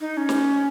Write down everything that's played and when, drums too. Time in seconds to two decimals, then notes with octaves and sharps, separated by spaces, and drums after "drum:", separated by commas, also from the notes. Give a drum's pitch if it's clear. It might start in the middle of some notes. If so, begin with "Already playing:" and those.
0.01 D#4
0.17 C#4
0.29 drum: snare